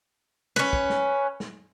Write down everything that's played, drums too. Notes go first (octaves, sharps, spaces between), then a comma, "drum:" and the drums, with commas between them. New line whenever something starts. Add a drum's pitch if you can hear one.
C#4 B4, drum: snare
drum: kick
drum: snare
drum: snare